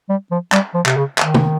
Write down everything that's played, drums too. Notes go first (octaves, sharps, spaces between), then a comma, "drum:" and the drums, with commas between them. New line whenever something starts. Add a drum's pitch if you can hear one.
G3
F3
G3, drum: clap
F3
C3, drum: clap
C#3
D#3, drum: clap
drum: tom